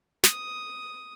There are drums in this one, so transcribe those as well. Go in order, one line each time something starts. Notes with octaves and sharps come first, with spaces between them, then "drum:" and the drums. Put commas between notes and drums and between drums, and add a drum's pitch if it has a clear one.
D#6, drum: snare